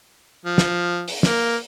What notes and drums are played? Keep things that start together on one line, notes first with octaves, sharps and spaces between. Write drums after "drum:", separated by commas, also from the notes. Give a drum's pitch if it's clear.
F3
drum: snare
drum: open hi-hat
A#3, drum: snare